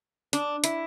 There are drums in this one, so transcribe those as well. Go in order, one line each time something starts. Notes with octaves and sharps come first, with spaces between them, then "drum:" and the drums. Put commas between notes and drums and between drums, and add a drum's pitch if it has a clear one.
D4, drum: hi-hat
E4, drum: hi-hat